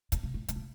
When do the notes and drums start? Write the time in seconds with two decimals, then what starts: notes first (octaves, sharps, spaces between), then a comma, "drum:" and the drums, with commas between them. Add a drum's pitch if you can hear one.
0.12 A#2, drum: kick, hi-hat
0.23 C3
0.34 A#2
0.48 C3, drum: hi-hat
0.56 A#2